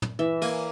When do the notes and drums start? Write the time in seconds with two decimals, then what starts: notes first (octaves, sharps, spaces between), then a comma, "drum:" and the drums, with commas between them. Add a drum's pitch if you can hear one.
0.02 drum: tom
0.19 E3 E5
0.42 A#3 G#5, drum: cymbal